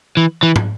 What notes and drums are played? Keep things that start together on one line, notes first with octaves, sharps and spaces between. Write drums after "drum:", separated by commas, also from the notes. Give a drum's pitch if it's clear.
E3
E3
drum: tom